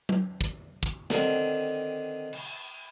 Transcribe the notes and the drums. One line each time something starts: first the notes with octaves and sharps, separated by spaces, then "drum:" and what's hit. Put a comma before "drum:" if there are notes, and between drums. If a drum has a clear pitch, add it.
drum: tom F#3
drum: kick
drum: kick
D3 D#3 C4, drum: snare
drum: cymbal